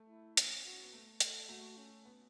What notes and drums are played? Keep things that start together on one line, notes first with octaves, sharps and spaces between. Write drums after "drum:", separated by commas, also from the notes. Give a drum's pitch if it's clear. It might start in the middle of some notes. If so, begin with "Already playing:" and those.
Already playing: A3
E4
C#4, drum: hi-hat
F#4
C#4
B3
A3
A4, drum: hi-hat
A3 F#4
C#4
B3